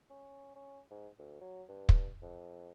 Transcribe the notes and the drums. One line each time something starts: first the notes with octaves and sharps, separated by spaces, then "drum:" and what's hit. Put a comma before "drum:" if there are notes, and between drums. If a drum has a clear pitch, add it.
C#4
C#4
G#2
D2
F#3
G2
drum: kick
F2